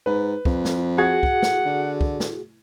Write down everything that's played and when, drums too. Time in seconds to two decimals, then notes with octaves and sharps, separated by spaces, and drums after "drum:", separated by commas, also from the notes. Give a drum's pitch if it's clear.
0.06 G#2 B4
0.45 F2, drum: kick
0.65 drum: snare
0.98 F#4 G#4 F#5 G#6
1.23 drum: kick
1.42 drum: snare
1.65 D3
2.01 drum: kick
2.20 drum: snare